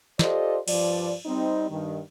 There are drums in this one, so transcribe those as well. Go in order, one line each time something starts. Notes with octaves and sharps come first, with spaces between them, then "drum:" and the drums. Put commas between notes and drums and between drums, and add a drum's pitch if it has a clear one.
F4 G4 A4 C5 D5 D#5, drum: snare
G2 F3 D5, drum: cymbal
G3 C4 D#4
G2 D#3